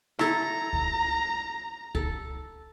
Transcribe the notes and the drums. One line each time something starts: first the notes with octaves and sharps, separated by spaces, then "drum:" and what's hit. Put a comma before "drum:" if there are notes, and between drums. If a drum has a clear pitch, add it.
E4 A4 A#5, drum: rim click
drum: kick C#2
A4, drum: kick C#2